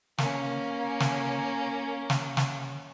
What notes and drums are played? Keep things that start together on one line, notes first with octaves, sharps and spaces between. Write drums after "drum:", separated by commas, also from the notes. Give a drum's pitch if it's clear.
A#3 C#4, drum: snare
drum: snare
drum: snare
drum: snare